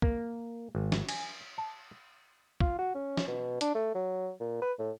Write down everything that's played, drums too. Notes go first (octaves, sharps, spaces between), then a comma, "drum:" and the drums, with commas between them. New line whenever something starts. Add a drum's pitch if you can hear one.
A#3, drum: kick
G#1
drum: snare
G#5, drum: cymbal
A5
F4, drum: kick
F#4
C#4
drum: snare
B2
D4, drum: hi-hat
A3
F#3
A#2
B4
A2